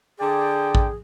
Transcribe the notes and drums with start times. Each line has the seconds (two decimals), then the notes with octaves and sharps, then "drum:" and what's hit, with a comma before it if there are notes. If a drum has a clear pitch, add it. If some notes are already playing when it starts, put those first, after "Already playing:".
0.19 D3 G#4 D5 G5
0.75 drum: kick A1